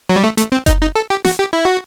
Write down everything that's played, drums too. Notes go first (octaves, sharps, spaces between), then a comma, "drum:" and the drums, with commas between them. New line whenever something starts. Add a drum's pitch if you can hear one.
F#3
G3
A3
A3, drum: hi-hat
C4
D#4, drum: kick F#1, hi-hat
D#4
A4
G4
F#4, drum: snare
G4
E4
F#4